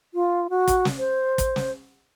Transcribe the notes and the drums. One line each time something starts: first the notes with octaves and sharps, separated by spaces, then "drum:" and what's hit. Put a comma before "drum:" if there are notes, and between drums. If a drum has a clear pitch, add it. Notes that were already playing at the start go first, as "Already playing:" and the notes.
F4
F#4
drum: kick, hi-hat
drum: snare
C5
drum: kick, hi-hat
drum: snare